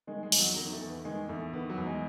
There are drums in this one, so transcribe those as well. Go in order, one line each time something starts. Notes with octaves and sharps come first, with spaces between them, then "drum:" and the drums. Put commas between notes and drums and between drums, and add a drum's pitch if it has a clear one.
D#3 G#3
G#3
E2, drum: open hi-hat
F#3
D#3 F#3
A3
E2
B3
D#3 G#3
E2 A3
D#3 B3
F#3
E2
G#3